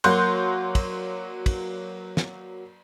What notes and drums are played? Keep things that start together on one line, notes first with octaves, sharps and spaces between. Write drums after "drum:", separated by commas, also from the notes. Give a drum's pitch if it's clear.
F#3 A#3 F#4 C6 F#6 G6, drum: cymbal
drum: kick, cymbal
drum: kick, cymbal
drum: snare